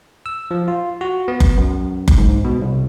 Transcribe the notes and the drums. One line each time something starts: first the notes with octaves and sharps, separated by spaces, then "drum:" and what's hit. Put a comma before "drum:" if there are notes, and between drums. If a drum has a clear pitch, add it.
E6
F3
F4
F#4
B3
drum: kick F#1
F#2
drum: kick F#1
G#2
B2
C2